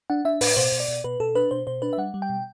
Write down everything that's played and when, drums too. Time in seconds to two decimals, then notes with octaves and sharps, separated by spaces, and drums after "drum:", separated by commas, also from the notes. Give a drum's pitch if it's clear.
0.10 D4 F#5
0.25 D4 E5
0.41 A2 B4, drum: open hi-hat
0.57 B2 C5
0.72 B2
0.80 D5
0.88 B2
1.04 B2 B4
1.20 B2 A4
1.35 D4 B4
1.51 B2 C5
1.67 B2 C5
1.82 D4 B4
1.93 E5
1.98 G3 F#5
2.14 G3
2.22 G5
2.29 B2